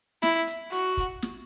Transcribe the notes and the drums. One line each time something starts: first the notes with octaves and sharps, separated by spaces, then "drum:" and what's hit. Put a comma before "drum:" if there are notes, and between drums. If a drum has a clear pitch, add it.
E4, drum: snare
drum: hi-hat
F#4, drum: hi-hat
drum: kick, hi-hat
drum: snare